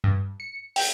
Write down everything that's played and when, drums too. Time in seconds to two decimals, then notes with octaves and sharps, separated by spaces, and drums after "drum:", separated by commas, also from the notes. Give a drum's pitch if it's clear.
0.04 G2
0.40 C#7
0.76 G5, drum: open hi-hat